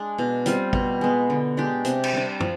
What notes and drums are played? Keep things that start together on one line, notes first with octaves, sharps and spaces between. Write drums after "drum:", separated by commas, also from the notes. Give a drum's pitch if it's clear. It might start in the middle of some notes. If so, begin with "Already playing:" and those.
Already playing: G#3 D4
B2
G3 C4 F4, drum: hi-hat
B2, drum: kick
G#3 B3
D3
G#3 D4 G4
C3, drum: hi-hat
drum: cymbal
G3 D4
F3, drum: tom